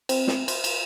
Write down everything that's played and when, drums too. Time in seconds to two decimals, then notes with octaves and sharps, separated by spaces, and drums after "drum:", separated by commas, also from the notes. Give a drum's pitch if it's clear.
0.09 C4, drum: cymbal
0.27 drum: snare
0.48 C5, drum: cymbal
0.64 drum: cymbal